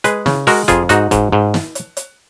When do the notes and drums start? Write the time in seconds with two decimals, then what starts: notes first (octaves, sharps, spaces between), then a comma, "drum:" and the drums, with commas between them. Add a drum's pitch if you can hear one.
0.04 G#3 G#4 B4, drum: hi-hat
0.26 C#3, drum: snare
0.47 G#3 F#4 A#4, drum: open hi-hat
0.68 F2 F4 G#4, drum: kick F1, hi-hat
0.89 G#2 D#4 F#4, drum: hi-hat
1.11 G#2, drum: kick F1, hi-hat
1.32 G#2
1.54 drum: snare
1.75 drum: hi-hat
1.97 drum: hi-hat